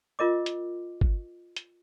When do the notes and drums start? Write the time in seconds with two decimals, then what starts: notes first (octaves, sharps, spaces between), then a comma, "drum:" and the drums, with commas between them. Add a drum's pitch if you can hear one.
0.19 F4 A#4 D#5 D6
0.46 drum: hi-hat
1.01 drum: kick G1
1.56 drum: hi-hat